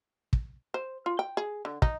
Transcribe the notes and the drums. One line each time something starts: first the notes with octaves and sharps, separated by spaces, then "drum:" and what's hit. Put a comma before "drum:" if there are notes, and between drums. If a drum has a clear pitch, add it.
drum: kick
C5
F4
G5
G#4
D3
D#4, drum: kick